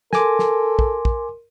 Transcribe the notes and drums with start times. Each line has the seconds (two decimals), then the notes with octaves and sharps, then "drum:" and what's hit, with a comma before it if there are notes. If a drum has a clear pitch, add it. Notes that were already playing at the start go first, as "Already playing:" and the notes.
0.13 A4 A#4 G#5 C6 D6, drum: snare
0.39 drum: snare
0.79 drum: kick
1.05 drum: kick